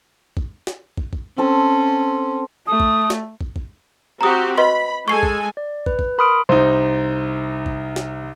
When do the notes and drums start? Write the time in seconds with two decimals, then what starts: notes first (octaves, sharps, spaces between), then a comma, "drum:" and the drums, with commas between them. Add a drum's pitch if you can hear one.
0.37 drum: kick
0.67 drum: snare
0.97 drum: kick
1.13 drum: kick
1.38 C4 C#4 A4 C5
2.67 A3 D#6
2.80 drum: kick
3.10 drum: snare
3.41 drum: kick
3.56 drum: kick
4.21 C4 F#4 G4 A#5 D#6
4.58 B4 D#5 B5 C6
5.08 G#3 A4 G#5 C#6 C7
5.23 drum: kick
5.57 D5
5.86 B4, drum: kick
5.99 drum: kick
6.18 A#4 B5 C6 D#6 F6 D7
6.49 C2 D#4 C5
7.66 drum: kick
7.96 drum: snare